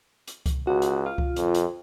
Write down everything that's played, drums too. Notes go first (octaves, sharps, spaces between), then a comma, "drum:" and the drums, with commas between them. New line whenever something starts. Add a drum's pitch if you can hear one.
drum: hi-hat
drum: kick C2, hi-hat
C#2 F#4
drum: hi-hat
F4
drum: kick C2
F2, drum: hi-hat
drum: hi-hat